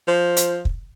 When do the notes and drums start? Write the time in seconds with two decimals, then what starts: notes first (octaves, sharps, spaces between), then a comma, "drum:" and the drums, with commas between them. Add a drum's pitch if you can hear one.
0.08 F3 C5
0.37 drum: hi-hat
0.65 drum: kick